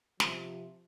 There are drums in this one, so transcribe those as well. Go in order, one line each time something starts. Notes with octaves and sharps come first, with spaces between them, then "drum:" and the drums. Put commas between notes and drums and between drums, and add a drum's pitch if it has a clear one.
C3 F3, drum: snare